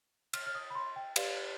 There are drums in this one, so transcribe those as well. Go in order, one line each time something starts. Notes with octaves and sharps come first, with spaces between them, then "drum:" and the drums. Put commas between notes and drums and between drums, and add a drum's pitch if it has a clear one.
F6, drum: cymbal
F6
D#6
B5
C6
G5
G4 B4 D5 F5, drum: cymbal